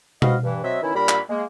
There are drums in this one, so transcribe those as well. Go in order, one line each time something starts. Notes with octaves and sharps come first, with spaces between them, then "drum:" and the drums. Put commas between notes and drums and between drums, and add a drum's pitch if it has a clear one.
C4 F#4 B4 D#5 F5, drum: tom B2
G2 E3
F#3 C4 D#5 E5
D#3 E3 C#4 E4
A#2 G3 D4 A#4 B5
drum: clap
G#3 A#3